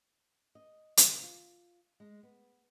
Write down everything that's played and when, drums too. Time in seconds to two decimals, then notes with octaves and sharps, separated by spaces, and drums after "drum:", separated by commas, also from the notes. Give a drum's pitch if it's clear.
0.55 D#5
0.97 C3, drum: hi-hat
1.22 F4
2.00 G#3
2.23 B3